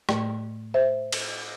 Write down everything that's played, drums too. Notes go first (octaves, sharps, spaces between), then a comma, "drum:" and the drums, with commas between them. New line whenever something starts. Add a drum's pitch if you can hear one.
A2 A3 D5 G5, drum: rim click
C5 E5
drum: cymbal